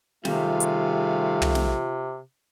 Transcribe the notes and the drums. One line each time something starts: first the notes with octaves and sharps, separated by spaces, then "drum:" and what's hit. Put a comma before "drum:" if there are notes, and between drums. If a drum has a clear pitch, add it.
C3 D#3 G3 A3 F4 G#4 F5, drum: snare
drum: hi-hat
drum: tom
drum: snare